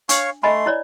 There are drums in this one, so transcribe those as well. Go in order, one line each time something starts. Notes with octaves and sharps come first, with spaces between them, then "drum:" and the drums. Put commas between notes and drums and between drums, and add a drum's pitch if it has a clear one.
D4 C#5 F5 C#6, drum: hi-hat
A3 D#5 G#5 B5 C6
E4 C#5 D5